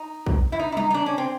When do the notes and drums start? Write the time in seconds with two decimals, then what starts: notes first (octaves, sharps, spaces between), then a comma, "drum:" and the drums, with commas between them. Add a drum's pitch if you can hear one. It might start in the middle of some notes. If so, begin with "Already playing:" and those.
Already playing: D#4
0.27 drum: kick A#1
0.52 E4
0.59 D#4
0.72 E4
0.77 D#4, drum: tom F#3
0.91 D#4
0.94 D4
1.06 C#4
1.18 C4